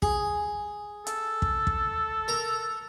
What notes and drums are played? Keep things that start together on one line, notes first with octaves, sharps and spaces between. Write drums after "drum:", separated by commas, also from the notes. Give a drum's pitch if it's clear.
G#4, drum: kick
A4, drum: hi-hat
drum: kick
drum: kick
A#4 A#5